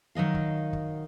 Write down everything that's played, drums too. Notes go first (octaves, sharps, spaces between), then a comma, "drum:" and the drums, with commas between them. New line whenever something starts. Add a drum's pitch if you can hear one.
D#3 F#3 D#5 F5
drum: kick
drum: kick